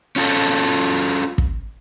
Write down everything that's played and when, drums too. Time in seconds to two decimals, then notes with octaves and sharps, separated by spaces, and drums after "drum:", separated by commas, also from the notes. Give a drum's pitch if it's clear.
0.16 C#4 F4 A4
1.38 drum: kick